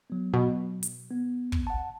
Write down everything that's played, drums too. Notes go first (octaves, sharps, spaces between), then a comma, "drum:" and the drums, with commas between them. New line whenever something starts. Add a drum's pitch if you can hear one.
F#3 B3
B2
drum: hi-hat
B3
drum: kick
F#5 A5